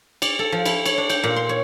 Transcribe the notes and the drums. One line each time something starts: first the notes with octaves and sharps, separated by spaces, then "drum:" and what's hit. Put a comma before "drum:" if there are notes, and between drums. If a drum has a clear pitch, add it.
D5, drum: cymbal
A4
F3
E4, drum: cymbal
C#5, drum: cymbal
D4
G5, drum: cymbal
A#2
C6
C#5